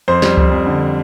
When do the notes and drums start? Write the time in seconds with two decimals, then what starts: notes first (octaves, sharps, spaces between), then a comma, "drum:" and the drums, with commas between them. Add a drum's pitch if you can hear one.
0.08 F2 C5
0.22 G3, drum: snare
0.37 F2, drum: kick C#2
0.52 F2
0.66 D3